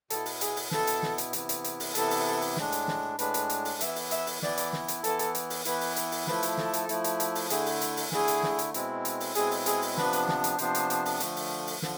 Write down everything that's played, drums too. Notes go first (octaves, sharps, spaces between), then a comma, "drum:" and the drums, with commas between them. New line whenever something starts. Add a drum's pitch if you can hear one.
B2 B3 E4 A4, drum: hi-hat
drum: open hi-hat
G#4, drum: hi-hat
drum: open hi-hat
B2 B3 E4 A4, drum: snare
drum: hi-hat
drum: snare
drum: hi-hat
C3 E3 B3 E4, drum: hi-hat
drum: hi-hat
drum: hi-hat
drum: open hi-hat
C3 E3 B3 E4 A4, drum: hi-hat
drum: open hi-hat
drum: open hi-hat
A2 G#3 D4, drum: snare
drum: hi-hat
drum: snare
A2 G#3 D4 B4, drum: hi-hat
drum: hi-hat
drum: hi-hat
drum: open hi-hat
E3 B3 E4 E5, drum: hi-hat
drum: open hi-hat
E5, drum: hi-hat
drum: open hi-hat
E3 B3 E4 D5, drum: snare
drum: hi-hat
drum: snare
drum: hi-hat
E3 B3 E4 A4, drum: hi-hat
drum: hi-hat
drum: hi-hat
drum: open hi-hat
E3 B3 E4 B4, drum: hi-hat
drum: open hi-hat
drum: hi-hat
drum: open hi-hat
F3 A3 E4 B4, drum: snare
drum: hi-hat
A4, drum: snare
drum: hi-hat
F3 A3 E4, drum: hi-hat
drum: hi-hat
drum: hi-hat
drum: open hi-hat
D3 A3 E4 G#4, drum: hi-hat
drum: open hi-hat
drum: hi-hat
drum: open hi-hat
D3 A3 E4 G#4, drum: snare
drum: hi-hat
drum: snare
drum: hi-hat
B2 G#3 C4 E4, drum: hi-hat
drum: hi-hat
drum: open hi-hat
B2 G#3 C4 E4 G#4, drum: hi-hat
drum: open hi-hat
G#4, drum: hi-hat
drum: open hi-hat
C3 F3 B3 D4 B4, drum: snare
drum: hi-hat
drum: snare
drum: hi-hat
C3 F3 B3 D4 C5, drum: hi-hat
drum: hi-hat
drum: hi-hat
drum: open hi-hat
D3 F3 A3, drum: hi-hat
drum: open hi-hat
drum: open hi-hat
D3 F3, drum: snare